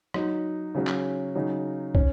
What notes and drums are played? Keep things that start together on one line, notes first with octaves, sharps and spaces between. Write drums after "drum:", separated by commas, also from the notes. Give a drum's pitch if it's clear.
F#3 D#4, drum: rim click
C#3 F#3 C#4
drum: clap
C#3 F#3 D#4
C#4, drum: kick